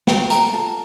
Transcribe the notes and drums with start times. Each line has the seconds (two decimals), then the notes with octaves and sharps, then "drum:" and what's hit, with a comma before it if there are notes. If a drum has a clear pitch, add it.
0.07 F4 G5, drum: snare
0.30 A4 A#5, drum: hi-hat
0.53 F4 A5